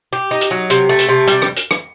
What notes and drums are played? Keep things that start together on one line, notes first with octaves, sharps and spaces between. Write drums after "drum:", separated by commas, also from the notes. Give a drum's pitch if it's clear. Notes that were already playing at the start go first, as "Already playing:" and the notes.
G4
D#4
drum: hi-hat
F#3
C3, drum: hi-hat
A3
drum: hi-hat
C3
G3, drum: hi-hat
drum: rim click
drum: hi-hat
drum: rim click